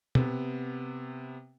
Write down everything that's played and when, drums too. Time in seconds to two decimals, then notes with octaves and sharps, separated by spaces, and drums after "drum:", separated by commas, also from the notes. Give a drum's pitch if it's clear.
0.15 C3 B3, drum: tom